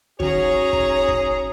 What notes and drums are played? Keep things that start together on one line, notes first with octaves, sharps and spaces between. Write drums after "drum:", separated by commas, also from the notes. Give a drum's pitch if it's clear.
D#3 C#4 F#4 G#4 C#5 A#5, drum: kick
drum: kick
drum: kick